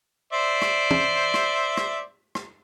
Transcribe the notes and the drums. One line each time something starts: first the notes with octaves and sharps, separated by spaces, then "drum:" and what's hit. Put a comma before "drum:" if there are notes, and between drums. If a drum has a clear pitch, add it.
C5 D5 E5
drum: rim click
drum: tom
drum: rim click
drum: rim click
drum: rim click